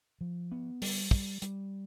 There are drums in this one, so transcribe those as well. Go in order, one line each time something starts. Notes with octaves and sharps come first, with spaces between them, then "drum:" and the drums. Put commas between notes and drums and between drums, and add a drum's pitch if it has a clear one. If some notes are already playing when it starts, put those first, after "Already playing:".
F3
B3
G3, drum: open hi-hat
G3, drum: kick
G3, drum: hi-hat